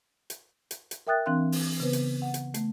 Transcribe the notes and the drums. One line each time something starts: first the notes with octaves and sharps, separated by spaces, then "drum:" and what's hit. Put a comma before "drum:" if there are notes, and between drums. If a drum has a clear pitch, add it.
drum: hi-hat
drum: hi-hat
drum: hi-hat
A#4 E5 G5 D#6 F#6 A6
E3 C4 D4 F5 C6 F#6
drum: open hi-hat
C#3 B3 B4 C5
drum: hi-hat
F#5
drum: hi-hat
A3, drum: hi-hat